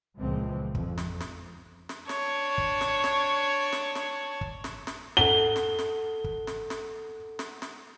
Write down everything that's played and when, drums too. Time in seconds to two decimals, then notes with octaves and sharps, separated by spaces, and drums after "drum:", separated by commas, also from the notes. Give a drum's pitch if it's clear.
0.18 C#2 A#2 E3 F3 G#3 C4
0.75 F2, drum: kick
0.98 drum: snare
1.20 drum: snare
1.89 drum: snare
2.09 D4 C#5, drum: snare
2.58 drum: kick
2.81 drum: snare
3.04 drum: snare
3.72 drum: snare
3.95 drum: snare
4.41 drum: kick
4.64 drum: snare
4.87 drum: snare
5.17 A4 F#5 G7
5.56 drum: snare
5.79 drum: snare
6.24 drum: kick
6.47 drum: snare
6.70 drum: snare
7.39 drum: snare
7.62 drum: snare